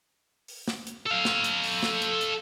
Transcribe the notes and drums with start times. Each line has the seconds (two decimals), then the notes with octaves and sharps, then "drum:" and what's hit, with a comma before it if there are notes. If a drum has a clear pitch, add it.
0.48 drum: open hi-hat
0.68 drum: snare
0.87 drum: hi-hat
1.06 A4 F5
1.25 drum: snare
1.44 drum: hi-hat
1.63 drum: open hi-hat
1.83 drum: snare
2.02 drum: hi-hat
2.21 drum: hi-hat